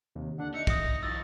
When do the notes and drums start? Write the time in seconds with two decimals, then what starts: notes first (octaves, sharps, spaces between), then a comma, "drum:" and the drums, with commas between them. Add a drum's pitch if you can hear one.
0.15 D#2 C3
0.38 D3 D4 F#5
0.54 D#4 E5 C#7
0.67 D#6 A#6 C#7, drum: kick
1.03 E3 F#3 D#5 E6 A6